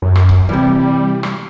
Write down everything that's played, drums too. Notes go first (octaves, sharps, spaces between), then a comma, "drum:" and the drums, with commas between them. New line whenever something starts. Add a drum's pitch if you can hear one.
F#2
drum: rim click
drum: kick C#1
C3 E3 G3
drum: rim click